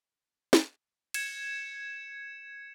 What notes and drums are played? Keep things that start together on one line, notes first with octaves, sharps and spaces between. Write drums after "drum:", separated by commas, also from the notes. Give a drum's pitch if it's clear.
drum: snare
G#6 C#7 E7, drum: cymbal